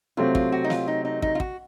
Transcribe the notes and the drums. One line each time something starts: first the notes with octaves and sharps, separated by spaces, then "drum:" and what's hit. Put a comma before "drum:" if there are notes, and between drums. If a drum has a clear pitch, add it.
C3 F#3 A3 C4 F4
F4, drum: kick
F#4
D#4
F4, drum: snare
D#4
D#4
D#4, drum: kick
F4
F#4, drum: kick